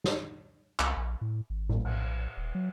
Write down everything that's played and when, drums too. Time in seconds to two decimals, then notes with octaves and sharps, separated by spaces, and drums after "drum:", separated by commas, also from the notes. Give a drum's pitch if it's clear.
0.04 drum: snare
0.79 C2, drum: clap
0.97 A#1
1.21 A2
1.50 G#1
1.69 drum: tom A2
1.85 A#1, drum: cymbal
2.37 D#1
2.55 F#3